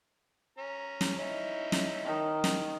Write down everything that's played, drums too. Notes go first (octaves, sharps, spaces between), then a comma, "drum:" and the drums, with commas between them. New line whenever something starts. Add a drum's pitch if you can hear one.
C#4 A#5
drum: snare
C#4 D#4 E4
drum: snare
D#3
drum: snare